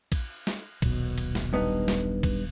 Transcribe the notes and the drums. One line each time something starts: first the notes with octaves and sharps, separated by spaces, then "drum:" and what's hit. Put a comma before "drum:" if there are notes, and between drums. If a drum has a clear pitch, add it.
drum: kick A#1, cymbal
drum: snare
D#1 B1 B2, drum: kick A#1, cymbal
drum: cymbal
drum: snare
G2 B3 D#4
drum: snare
drum: kick A#1, cymbal